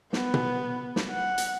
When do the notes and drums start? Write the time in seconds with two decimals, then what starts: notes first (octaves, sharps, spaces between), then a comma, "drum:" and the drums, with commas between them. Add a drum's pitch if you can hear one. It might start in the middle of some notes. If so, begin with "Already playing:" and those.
0.13 B3, drum: snare
0.34 drum: tom B2
0.96 drum: snare
1.11 F#5
1.38 drum: hi-hat